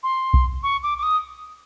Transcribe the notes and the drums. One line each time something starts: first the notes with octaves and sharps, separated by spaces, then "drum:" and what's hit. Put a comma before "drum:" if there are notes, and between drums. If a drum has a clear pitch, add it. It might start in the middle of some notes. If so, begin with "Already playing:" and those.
C6
drum: kick B1
C#6
D6
D6
D#6